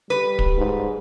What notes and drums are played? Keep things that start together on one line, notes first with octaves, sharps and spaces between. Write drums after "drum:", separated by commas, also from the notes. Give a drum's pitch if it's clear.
G3 B4
drum: kick
G#2